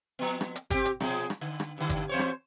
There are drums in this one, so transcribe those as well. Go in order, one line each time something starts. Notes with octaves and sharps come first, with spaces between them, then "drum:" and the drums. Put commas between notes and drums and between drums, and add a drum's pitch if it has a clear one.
F3 B3
drum: rim click
drum: hi-hat
C4 G4, drum: kick G1, hi-hat
drum: hi-hat
B2 F3 G#4, drum: rim click
drum: rim click
D3
drum: rim click
G2 D3
drum: kick G1, hi-hat
E2 C5 C#5
drum: rim click